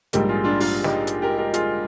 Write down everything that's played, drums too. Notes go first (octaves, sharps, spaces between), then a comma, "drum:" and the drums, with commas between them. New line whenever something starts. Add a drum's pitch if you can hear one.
A#1 G#2 G3 A#3 D#4 G4, drum: hi-hat
F4 G#4
D4 F4
D4 F4, drum: open hi-hat
D#4 G4, drum: snare
drum: hi-hat
G4 A#4
G4 A#4
F4 G#4, drum: hi-hat